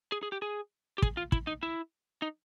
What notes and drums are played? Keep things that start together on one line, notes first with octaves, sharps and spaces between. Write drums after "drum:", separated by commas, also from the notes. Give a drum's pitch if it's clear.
G#4
G#4
G4
G#4
G4
G#4, drum: kick
F4
E4, drum: kick
D#4
E4
D#4